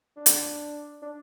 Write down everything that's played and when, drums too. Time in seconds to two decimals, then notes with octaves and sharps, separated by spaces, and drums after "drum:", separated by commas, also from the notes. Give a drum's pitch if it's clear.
0.17 D4
0.26 drum: hi-hat
1.02 D4